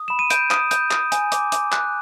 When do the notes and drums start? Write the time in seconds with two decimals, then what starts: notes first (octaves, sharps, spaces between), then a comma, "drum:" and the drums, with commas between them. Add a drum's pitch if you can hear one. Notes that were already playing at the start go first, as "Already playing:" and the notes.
Already playing: D#6
0.08 B5 E7
0.19 D#7
0.30 G6 D7, drum: hi-hat
0.51 D#6, drum: clap
0.71 G6, drum: hi-hat
0.91 D#6, drum: clap
1.12 G#5, drum: hi-hat
1.32 D6, drum: hi-hat
1.52 D6, drum: hi-hat
1.72 F#6, drum: clap